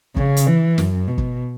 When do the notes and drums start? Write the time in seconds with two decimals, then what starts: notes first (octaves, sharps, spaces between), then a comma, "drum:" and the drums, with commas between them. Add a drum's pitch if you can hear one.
0.16 C#3, drum: kick
0.37 drum: hi-hat
0.47 E3
0.78 F#2, drum: snare
1.08 B2
1.18 drum: kick